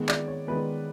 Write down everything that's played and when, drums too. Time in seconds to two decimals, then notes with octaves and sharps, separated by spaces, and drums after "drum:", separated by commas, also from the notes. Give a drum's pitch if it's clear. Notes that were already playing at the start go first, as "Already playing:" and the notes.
Already playing: D#3 G#3 B3
0.09 D5, drum: clap
0.28 C#5
0.48 D#3 G#3 B3 B4